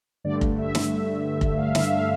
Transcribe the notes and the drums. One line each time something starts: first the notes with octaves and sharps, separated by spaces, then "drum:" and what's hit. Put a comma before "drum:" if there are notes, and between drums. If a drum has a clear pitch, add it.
G2 D3 A3 D5
drum: kick F1
E5
drum: snare
drum: kick F1
F5
E5, drum: snare
F5